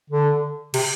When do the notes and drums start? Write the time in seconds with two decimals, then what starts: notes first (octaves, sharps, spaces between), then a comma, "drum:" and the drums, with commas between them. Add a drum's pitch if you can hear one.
0.10 D3
0.74 C3, drum: cymbal